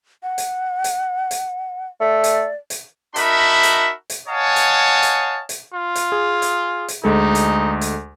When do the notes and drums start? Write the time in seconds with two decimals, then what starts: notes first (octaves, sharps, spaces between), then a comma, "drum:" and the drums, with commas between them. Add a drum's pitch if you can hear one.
0.23 F#5
0.38 drum: hi-hat
0.84 drum: hi-hat
1.31 drum: hi-hat
2.00 A3 D5
2.24 drum: hi-hat
2.70 drum: hi-hat
3.16 D#4 F#4 A#4 E5 A5 B5, drum: hi-hat
3.63 drum: hi-hat
4.10 drum: hi-hat
4.28 C#5 D#5 F5 F#5 G#5 A5
4.56 drum: hi-hat
5.03 drum: hi-hat
5.49 drum: hi-hat
5.74 F4
5.95 drum: hi-hat
6.12 G#4
6.42 drum: hi-hat
6.88 drum: hi-hat
7.04 D2 G#3 D#4 A4
7.35 drum: hi-hat
7.81 drum: hi-hat